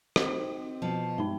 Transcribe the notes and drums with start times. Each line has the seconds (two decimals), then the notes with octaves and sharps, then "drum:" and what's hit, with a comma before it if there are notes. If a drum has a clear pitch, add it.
0.16 C4 D#4 F#4 D#5, drum: rim click
0.82 B2 F3 A5
1.18 G2 G#3 D#4 G5